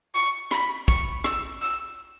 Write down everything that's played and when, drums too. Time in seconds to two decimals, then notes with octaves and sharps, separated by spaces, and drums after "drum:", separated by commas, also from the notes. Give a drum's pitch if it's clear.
0.14 C#6
0.51 B5, drum: rim click
0.88 C#6, drum: kick
1.24 E6, drum: rim click
1.62 E6